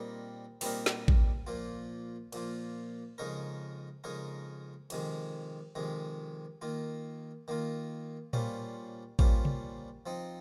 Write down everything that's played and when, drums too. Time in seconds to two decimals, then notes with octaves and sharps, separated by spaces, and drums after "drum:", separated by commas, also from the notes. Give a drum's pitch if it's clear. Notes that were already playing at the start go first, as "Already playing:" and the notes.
Already playing: A#2 G3 C4 D#4 A#4
0.61 A#2 G3 C4 D#4 A#4, drum: open hi-hat
0.86 drum: snare
1.08 drum: kick A1
1.47 A#2 F3 A#3 F4
2.33 A#2 F3 A#3 F4, drum: cymbal
3.18 F2 C#3 G#3 D#4 A#4
4.04 F2 C#3 G#3 D#4 A#4
4.90 F2 C3 D#3 G#3, drum: cymbal
5.75 F2 C3 D#3 G#3
6.62 D#3 A#3 F4
7.48 D#3 A#3 F4
8.33 A#2 G3 C#4 F4 C5, drum: tom A2
9.19 A#2 G3 C#4 F4 C5, drum: kick A1
9.45 drum: tom C3
10.06 F3 C4 D#4